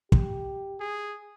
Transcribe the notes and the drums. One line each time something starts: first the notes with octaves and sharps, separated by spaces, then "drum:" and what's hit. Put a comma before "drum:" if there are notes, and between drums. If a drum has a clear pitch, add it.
G4, drum: kick
G#4